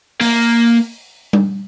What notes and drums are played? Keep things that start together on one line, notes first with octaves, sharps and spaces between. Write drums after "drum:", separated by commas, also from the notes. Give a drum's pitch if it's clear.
A#3, drum: open hi-hat
drum: tom G3